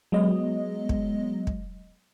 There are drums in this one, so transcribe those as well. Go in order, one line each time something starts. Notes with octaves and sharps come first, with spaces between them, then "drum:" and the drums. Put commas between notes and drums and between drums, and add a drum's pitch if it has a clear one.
F#3 G#3 B3 D#5
drum: kick
drum: kick